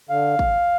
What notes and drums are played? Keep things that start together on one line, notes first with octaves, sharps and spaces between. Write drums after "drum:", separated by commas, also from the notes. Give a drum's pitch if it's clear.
D3 F5
drum: kick